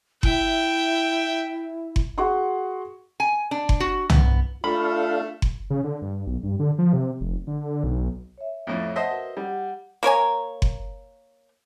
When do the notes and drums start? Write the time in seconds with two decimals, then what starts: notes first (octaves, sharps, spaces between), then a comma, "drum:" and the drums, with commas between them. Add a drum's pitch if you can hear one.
0.23 E4 E5 G5, drum: kick F#1
1.96 drum: kick F#1
2.18 F#4 G#4 F#5 C6 C#6
3.20 G#5
3.51 D4
3.69 drum: kick F#1
3.80 F#4
4.10 B3, drum: tom
4.64 A3 D4 F4 A4 F5 B5
5.42 drum: kick F#1
5.70 C#3
5.84 D3
6.02 G2
6.27 B1
6.43 G2
6.59 D3
6.78 F3
6.93 C3
7.21 F1
7.47 D3
7.84 B1
8.38 C#5 E5
8.67 F2 A2
8.96 C5 D#5 E5 F#5 A5
9.11 F#4 A#4 B4
9.37 G3 F#5
10.03 A#3 A#4 C#5 G#5
10.62 drum: kick F#1